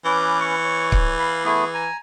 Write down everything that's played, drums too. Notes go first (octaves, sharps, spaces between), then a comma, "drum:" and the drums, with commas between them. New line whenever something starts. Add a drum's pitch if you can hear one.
E3 C#4 B4 D6
C#6
C#5
drum: kick C#1
F5 B5
A3 B3 E4 G#4
G#5 A#5